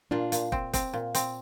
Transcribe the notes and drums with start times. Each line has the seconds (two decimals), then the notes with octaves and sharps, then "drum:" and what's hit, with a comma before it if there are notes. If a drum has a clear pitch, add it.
0.11 A#2 D4 F4
0.32 A#2, drum: hi-hat
0.52 C4, drum: kick
0.73 C4, drum: kick, hi-hat
0.93 A#2
1.15 C4, drum: hi-hat